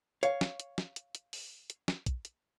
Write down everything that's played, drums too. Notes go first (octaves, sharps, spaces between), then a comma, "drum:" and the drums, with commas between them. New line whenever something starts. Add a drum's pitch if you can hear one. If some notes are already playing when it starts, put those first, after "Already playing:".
C#5 F5, drum: hi-hat
drum: snare
drum: hi-hat
drum: snare
drum: hi-hat
drum: hi-hat
drum: open hi-hat
drum: hi-hat
drum: snare
drum: kick, hi-hat
drum: hi-hat